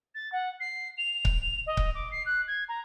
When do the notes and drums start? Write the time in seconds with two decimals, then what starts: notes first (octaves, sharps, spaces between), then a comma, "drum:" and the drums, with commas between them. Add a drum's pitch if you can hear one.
0.15 A6
0.32 F#5
0.60 C7
0.98 F7
1.25 drum: kick C#1
1.67 D#5
1.77 drum: kick C#1
1.95 D6
2.11 C7
2.26 F#6
2.47 G#6
2.69 A#5